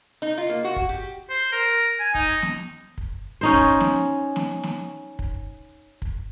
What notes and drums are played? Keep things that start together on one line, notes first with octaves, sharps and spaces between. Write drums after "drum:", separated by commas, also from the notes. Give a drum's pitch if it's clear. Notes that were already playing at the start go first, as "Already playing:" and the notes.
D#4
F4
A#3
F#4
drum: kick
G4
C5
A#4
G#5
D#4, drum: kick
drum: snare
drum: kick
C#4 D#4 C5
drum: kick
drum: snare
drum: snare
drum: snare
drum: kick
drum: kick